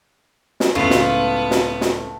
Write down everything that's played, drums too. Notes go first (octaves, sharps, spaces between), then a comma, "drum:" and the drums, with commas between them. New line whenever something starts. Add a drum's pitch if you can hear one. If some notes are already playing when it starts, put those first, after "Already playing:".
drum: snare
C#2 A2 A3 B3 F4
drum: snare
drum: snare
drum: snare